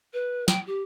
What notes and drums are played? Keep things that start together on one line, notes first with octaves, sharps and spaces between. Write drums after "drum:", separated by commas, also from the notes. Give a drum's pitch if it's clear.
B4
G5, drum: snare
G4